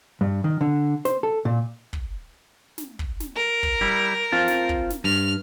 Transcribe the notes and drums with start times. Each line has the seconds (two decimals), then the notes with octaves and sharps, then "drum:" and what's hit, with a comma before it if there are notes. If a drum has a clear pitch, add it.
0.21 G2
0.44 D#3
0.61 D3
1.05 C5, drum: snare
1.23 A4
1.45 A#2
1.93 drum: kick
2.78 drum: snare
2.99 drum: kick
3.20 drum: snare
3.35 A#4
3.63 drum: kick
3.81 G3 E4
4.32 C4 F4 A5
4.48 drum: snare
4.69 drum: kick
4.90 drum: snare
5.04 G2 F6